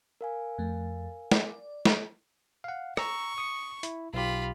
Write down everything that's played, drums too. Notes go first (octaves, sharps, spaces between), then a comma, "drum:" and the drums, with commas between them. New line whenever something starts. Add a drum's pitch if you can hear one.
A#4 F5 G#5
F2 A3
D5, drum: snare
drum: snare
F5 F#5
A#5 C#6 E6, drum: rim click
D#6 C#7
E4, drum: hi-hat
B1 F4 G4 B5